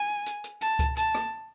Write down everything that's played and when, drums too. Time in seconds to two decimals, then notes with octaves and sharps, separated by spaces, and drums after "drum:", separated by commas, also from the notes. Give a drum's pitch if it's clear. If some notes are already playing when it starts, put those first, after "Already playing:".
Already playing: G#5
0.26 drum: hi-hat
0.44 drum: hi-hat
0.61 A5, drum: hi-hat
0.79 drum: kick C#2, hi-hat
0.97 A5, drum: hi-hat
1.14 drum: rim click